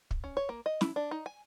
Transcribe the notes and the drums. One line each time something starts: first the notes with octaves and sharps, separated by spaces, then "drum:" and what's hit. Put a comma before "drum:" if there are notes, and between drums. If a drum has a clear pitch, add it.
drum: kick
C#4
C#5
A#3
D#5
E4, drum: snare
D4
D#4
G#5